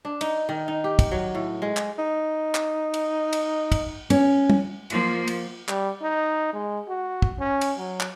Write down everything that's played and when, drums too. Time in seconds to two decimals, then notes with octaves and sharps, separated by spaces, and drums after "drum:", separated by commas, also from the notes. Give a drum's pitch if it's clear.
0.05 D4
0.21 D#4, drum: cymbal
0.49 D#3
0.68 D#4
0.84 G4
0.99 drum: kick, cymbal
1.11 F#3
1.35 A2
1.62 G#3
1.77 drum: clap
1.98 D#4
2.55 drum: clap
2.94 drum: cymbal
3.33 drum: cymbal
3.72 drum: kick, cymbal
4.10 C#4, drum: cymbal
4.50 drum: tom
4.90 F3 A#3, drum: cymbal
5.28 drum: cymbal
5.68 G3, drum: clap
6.02 D#4
6.53 G#3
6.89 F#4
7.22 drum: kick
7.39 C#4
7.61 drum: cymbal
7.78 F#3
8.00 drum: clap